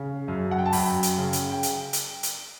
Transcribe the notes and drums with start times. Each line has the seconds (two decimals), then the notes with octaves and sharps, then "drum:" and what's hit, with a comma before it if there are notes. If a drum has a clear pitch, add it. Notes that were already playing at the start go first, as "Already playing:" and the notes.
Already playing: C#3
0.28 F#2
0.51 F#5
0.58 G5
0.65 A5
0.72 F#2 G5 B5, drum: open hi-hat
1.03 drum: hi-hat
1.18 C#3
1.33 drum: hi-hat
1.52 G5
1.63 drum: hi-hat
1.93 drum: hi-hat
2.23 drum: hi-hat